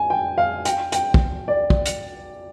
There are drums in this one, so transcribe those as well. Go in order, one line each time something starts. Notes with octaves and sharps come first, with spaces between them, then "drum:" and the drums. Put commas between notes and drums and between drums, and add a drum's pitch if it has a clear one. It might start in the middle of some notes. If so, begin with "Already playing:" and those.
Already playing: G#5
G5
F5
G5, drum: hi-hat
G5, drum: hi-hat
drum: kick
D5
drum: kick
drum: hi-hat